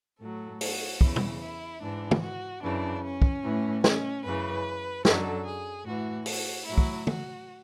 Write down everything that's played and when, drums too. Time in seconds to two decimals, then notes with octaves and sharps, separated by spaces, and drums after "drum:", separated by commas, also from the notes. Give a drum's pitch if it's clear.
0.20 A2 F#3 A4
0.61 F#4, drum: open hi-hat
1.01 E2 C#3 E3 E4, drum: kick
1.16 drum: tom B2
1.41 E4
1.82 G#2 E3 D4
2.11 drum: tom
2.22 F#4
2.62 F#2 C#3 E3 D4
3.03 C#4
3.22 drum: kick
3.43 A2 E3
3.84 C#4, drum: snare
4.24 F#2 C#3 E3 B4
5.05 F#2 D3 F#3 A4, drum: snare
5.46 G#4
5.86 A2 E3 F#4
6.26 F#4, drum: open hi-hat
6.67 A2 F#3 E4
6.78 drum: kick
7.07 F#4, drum: tom